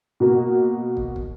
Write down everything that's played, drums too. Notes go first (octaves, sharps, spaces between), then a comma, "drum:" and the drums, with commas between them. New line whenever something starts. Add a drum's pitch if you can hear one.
B2 A#3 F#4
drum: kick
drum: kick